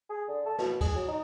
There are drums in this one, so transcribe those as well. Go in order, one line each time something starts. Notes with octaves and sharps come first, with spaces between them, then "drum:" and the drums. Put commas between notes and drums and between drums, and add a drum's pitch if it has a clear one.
G#4
D3
A4
B2, drum: snare
G#4, drum: kick C#2, cymbal
F#3
D#4